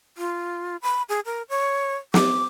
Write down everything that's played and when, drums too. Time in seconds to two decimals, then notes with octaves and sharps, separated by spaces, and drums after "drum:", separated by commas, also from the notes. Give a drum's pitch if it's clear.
0.18 F4
0.82 B5
1.09 G#4
1.25 A#4
1.50 C#5
2.14 D6, drum: snare